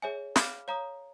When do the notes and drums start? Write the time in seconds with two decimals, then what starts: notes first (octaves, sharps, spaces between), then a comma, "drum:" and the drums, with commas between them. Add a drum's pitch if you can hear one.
0.02 G#4 C#5 E5 G#5
0.36 F5 G#5 B5 D6 F6, drum: snare
0.68 C#5 F5 A#5 D#6